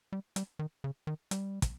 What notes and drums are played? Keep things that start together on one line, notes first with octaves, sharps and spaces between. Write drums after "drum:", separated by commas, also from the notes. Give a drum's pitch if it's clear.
G3
G3, drum: hi-hat
D#3
C#3
D#3
G3, drum: hi-hat
drum: kick, hi-hat